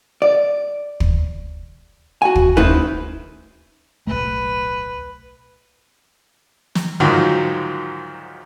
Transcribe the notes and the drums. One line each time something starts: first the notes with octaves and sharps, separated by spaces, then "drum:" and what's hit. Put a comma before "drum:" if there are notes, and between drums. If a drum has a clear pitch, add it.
D5
drum: kick
F#4 G#5
drum: kick
A3 C#4 D#4 E4 B4 C5, drum: kick
D1 B1 A3 B4
drum: snare
D2 G#2 D#3 F3 F#3